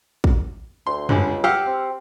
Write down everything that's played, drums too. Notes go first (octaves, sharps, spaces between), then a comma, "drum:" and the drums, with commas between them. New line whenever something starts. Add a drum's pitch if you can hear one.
drum: kick
D2 C6
C#2 D3 G3 G#3, drum: tom
G4 F5 F#5 E6
C4